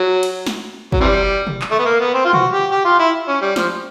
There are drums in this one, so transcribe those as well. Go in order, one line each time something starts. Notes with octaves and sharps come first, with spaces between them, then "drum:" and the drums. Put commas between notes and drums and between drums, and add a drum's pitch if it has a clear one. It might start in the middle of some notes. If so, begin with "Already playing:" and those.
Already playing: F#3
drum: cymbal
drum: snare
F#3, drum: kick
C3 E3 G3
drum: tom
drum: clap
A3
B3
A#3
B3
C4
F4
F#4, drum: tom
G4
G4
F4
E4
C#4
G3
F3, drum: snare